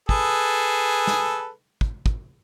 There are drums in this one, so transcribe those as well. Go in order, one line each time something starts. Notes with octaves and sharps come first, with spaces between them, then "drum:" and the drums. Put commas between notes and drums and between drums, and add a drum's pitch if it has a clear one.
G#4 A4 B4, drum: kick
drum: snare
drum: kick
drum: kick